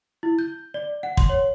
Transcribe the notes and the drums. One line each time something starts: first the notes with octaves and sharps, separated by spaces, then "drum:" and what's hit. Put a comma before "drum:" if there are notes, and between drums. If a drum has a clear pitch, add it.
E4
G6
D5
F#5
C6, drum: kick
C#5